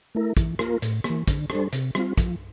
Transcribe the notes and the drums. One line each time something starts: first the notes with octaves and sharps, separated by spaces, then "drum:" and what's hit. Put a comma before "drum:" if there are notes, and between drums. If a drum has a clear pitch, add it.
A3 E4 A#4
E3, drum: kick, hi-hat
A#3 F4 A#4, drum: rim click
A2, drum: hi-hat
A#3, drum: rim click
E3
D3, drum: kick, hi-hat
G3 D4 A4 C5, drum: rim click
C3, drum: hi-hat
G3 C4 F4, drum: rim click
F3, drum: kick, hi-hat